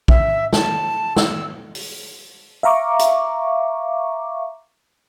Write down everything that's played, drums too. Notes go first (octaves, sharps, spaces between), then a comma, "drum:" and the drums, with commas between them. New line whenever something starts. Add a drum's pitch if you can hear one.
E5, drum: kick
A5, drum: snare
E6, drum: snare
drum: open hi-hat
E5 F5 A#5 C#6 D6
drum: hi-hat